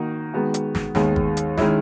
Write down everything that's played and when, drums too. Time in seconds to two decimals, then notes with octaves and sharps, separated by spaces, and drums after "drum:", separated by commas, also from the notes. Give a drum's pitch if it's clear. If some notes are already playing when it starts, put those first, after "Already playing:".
Already playing: D#3 A#3 D#4 F#4
0.34 D#3 G#3 B3 F#4
0.54 drum: hi-hat
0.75 drum: snare
0.95 D#2 D#3 G#3 B3, drum: snare
1.16 drum: kick
1.37 drum: hi-hat
1.58 D#3 G#3 C#4 E4, drum: snare